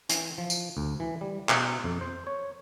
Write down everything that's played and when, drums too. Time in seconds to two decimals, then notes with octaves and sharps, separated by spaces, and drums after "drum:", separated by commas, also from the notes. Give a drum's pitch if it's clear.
0.09 E3, drum: hi-hat
0.38 F3
0.50 drum: tambourine
0.77 D2
1.00 E3
1.21 G3
1.49 B2, drum: clap
1.84 F2
2.01 C5
2.27 C#5